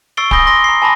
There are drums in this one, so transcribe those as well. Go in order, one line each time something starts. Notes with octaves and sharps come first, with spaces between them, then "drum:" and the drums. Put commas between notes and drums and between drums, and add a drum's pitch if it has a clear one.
C#6 E6 A6 C7 D7 G7
G#5 B5 D#6 G6 A#6 G7, drum: kick D1
C6 A#6 G7
A#5 C7
G#5 A5 B5 D6 A#6